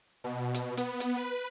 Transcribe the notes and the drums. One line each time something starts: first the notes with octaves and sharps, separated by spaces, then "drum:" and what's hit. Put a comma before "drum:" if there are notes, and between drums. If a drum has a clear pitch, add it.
B2
drum: hi-hat
B3, drum: hi-hat
drum: hi-hat
B4